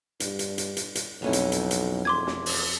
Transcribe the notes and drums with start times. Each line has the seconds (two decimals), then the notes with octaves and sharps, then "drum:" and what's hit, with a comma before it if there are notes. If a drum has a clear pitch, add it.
0.20 G2, drum: hi-hat
0.39 drum: hi-hat
0.58 drum: hi-hat
0.77 drum: hi-hat
0.95 drum: hi-hat
1.22 B1 F2 C#4 E4
1.33 drum: hi-hat
1.52 drum: hi-hat
1.71 drum: hi-hat
2.05 E1 C6 D6 G#6
2.27 drum: snare
2.46 drum: open hi-hat